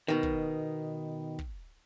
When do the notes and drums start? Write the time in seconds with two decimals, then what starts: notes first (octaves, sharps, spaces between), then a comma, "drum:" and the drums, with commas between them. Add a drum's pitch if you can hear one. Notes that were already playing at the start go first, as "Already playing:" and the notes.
0.08 B2 D#3
0.23 drum: kick
1.39 drum: kick